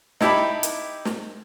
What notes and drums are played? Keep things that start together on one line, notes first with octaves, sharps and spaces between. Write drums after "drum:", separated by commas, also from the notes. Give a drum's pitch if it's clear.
D#4 E4 G4 E5 A5 B5, drum: snare
drum: hi-hat
drum: snare